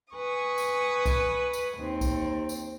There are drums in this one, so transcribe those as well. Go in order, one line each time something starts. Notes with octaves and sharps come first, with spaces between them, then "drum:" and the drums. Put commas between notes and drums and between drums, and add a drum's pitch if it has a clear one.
B4 G#5 C#6 D#6
drum: tambourine
drum: kick C2, tambourine
drum: tambourine
D#2 C4
drum: kick C2, tambourine
drum: tambourine